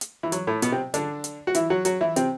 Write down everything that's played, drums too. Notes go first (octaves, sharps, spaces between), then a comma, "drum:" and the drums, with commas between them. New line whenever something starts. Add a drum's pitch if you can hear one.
drum: hi-hat
E3
F#3, drum: hi-hat
A2 A3
B2 B3, drum: hi-hat
C3 C4
D3 D4, drum: hi-hat
drum: hi-hat
F#4
E3 E4, drum: hi-hat
F#3 F#4
F#3 F#4, drum: hi-hat
E3 E4
C3 C4, drum: hi-hat